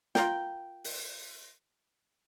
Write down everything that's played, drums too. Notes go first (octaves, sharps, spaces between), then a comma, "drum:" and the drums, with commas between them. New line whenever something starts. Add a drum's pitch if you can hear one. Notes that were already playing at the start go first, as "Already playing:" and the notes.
F4 A#4 G5, drum: snare
drum: open hi-hat